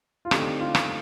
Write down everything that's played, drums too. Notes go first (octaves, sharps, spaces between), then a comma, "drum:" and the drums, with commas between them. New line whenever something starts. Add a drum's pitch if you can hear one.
F4
D3 A3 C4 D#4 G4, drum: rim click
F4
drum: rim click